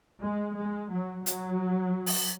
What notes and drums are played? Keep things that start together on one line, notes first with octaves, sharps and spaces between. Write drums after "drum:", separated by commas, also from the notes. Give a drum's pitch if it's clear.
G#3
G#3
F#3
F#3, drum: hi-hat
drum: open hi-hat